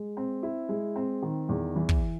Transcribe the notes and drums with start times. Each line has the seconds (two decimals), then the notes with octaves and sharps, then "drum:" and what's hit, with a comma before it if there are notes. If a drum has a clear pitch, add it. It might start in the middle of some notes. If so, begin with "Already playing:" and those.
Already playing: G#3
0.17 C4
0.43 E4
0.69 G#3
0.96 C4
1.23 D#3
1.49 E2
1.76 E3
1.89 drum: kick